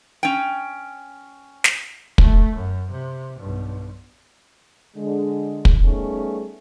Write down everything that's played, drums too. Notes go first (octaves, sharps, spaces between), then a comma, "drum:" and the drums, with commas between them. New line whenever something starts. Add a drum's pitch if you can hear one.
C#4 G5
drum: snare
A3, drum: kick
F#2
C3
B1 G2
D3 G#3
drum: kick
G3 A3 B3 C#4 D#4 G#4